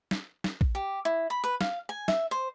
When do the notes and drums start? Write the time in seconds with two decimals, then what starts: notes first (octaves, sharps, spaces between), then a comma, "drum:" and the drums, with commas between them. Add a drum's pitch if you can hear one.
0.11 drum: snare
0.44 drum: snare
0.61 drum: kick A#1
0.75 G4
1.05 E4
1.30 B5
1.44 B4
1.61 F5, drum: snare
1.89 G#5
2.08 E5, drum: snare
2.31 C5